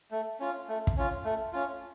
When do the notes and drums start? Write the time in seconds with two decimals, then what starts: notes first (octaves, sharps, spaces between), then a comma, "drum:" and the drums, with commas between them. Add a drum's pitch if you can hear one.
0.11 A3
0.40 C#4 F4
0.68 A3
0.87 drum: kick
0.97 C#4 F4
1.25 A3
1.53 C#4 F4